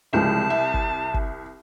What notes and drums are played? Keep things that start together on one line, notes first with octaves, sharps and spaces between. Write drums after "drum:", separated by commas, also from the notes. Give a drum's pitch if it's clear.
C2 C#3 F3 G#3 A5
E5
drum: kick
drum: kick